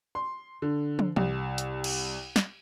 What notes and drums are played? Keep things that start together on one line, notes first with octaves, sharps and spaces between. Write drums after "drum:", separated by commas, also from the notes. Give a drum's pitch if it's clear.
C6
D3
drum: tom
C2, drum: tom
drum: hi-hat
drum: cymbal
drum: snare